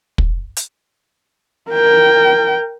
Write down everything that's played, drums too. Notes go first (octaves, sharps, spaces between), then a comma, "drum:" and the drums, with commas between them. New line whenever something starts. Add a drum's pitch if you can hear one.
drum: kick
drum: hi-hat
A#4 G5